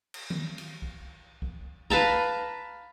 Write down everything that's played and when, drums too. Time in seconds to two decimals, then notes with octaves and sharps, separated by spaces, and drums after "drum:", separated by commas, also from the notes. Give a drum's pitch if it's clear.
0.14 drum: cymbal
0.30 drum: tom D#3
0.58 drum: cymbal
0.82 drum: kick C2
1.42 drum: kick C2
1.90 B4 F5 A5 A#5, drum: kick C2